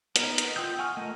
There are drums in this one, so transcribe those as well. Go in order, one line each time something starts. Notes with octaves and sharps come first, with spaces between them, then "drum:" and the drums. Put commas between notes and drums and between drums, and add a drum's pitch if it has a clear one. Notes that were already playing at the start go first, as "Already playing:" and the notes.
B3 D#4 A#4, drum: hi-hat
drum: hi-hat
F4 G5 D#6 E6 G6
F#5 G#5 C#6 F6
A3 A#3 D#5